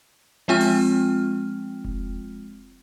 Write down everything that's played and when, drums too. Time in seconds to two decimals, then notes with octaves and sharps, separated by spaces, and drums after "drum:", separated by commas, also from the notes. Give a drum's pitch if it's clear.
0.48 F3 G#3 C4 F4 G5 F6
0.61 drum: open hi-hat
1.85 drum: kick F1